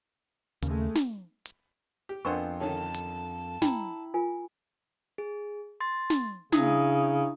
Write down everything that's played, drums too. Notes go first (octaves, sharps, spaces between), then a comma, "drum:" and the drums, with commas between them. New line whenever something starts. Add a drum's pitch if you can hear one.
D#2 C#3 G#3 A3, drum: hi-hat
drum: snare
drum: hi-hat
G4
F2 B3 D4 A#4 C5 F#5 C#6
D3 D#3 C#4 A5
drum: hi-hat
E4 G5 A#5, drum: snare
F4 A#4 G#5
G#4
C6 A6
drum: snare
C#3 D4 E4 D#6, drum: snare